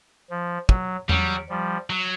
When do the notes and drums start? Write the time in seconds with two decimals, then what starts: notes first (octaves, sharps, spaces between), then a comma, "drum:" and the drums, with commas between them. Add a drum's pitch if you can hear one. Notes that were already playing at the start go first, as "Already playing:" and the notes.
0.30 F3
0.69 F#3, drum: kick
1.09 F#3 G3, drum: tom E2
1.49 F3 G3
1.90 F#3